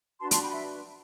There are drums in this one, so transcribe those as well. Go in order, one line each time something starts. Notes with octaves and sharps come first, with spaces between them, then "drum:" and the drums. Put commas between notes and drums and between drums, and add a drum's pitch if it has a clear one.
D4 F#4 B4 A5 C6
A5 C6, drum: hi-hat
G5 B5
E5